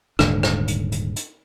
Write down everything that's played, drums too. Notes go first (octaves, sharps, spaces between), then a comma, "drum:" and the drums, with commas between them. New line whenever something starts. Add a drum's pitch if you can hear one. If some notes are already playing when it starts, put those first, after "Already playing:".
D#1 G#2 D3 D4, drum: rim click
drum: rim click
drum: hi-hat
drum: hi-hat
drum: hi-hat